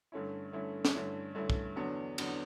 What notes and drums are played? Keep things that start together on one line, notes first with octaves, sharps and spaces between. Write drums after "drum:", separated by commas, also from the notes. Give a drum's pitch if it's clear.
G2 D3 A3 C#4 E4
G2 D3 A3 C#4 E4
drum: snare
G2 D3 A3 C#4 E4
G2 D3 A3 C#4 E4
drum: kick
E2 D3 F#3 B3 D4
E2 D3 F#3 B3 D4, drum: cymbal